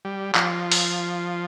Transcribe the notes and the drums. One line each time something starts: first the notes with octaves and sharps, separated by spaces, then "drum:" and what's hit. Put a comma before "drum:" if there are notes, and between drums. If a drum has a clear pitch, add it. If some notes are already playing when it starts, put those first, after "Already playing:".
G3
F3, drum: clap
drum: open hi-hat